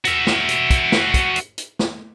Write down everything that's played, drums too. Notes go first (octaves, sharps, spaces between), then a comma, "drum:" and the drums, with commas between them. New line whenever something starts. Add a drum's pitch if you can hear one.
F#4 E5, drum: hi-hat
drum: snare
drum: hi-hat
drum: kick, hi-hat
drum: snare
drum: kick, hi-hat
drum: hi-hat
drum: hi-hat
drum: snare